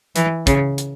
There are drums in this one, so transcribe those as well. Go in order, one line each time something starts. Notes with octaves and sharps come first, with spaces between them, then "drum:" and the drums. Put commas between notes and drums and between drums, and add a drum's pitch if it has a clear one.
E3, drum: hi-hat
C#3, drum: kick, hi-hat
drum: hi-hat